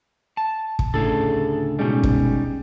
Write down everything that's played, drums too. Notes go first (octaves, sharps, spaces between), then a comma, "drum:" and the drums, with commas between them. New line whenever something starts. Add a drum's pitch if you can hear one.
A5
drum: kick
D2 A2 C#3 G#4 A4
B2 G3 G#3 C#4 D#4
drum: kick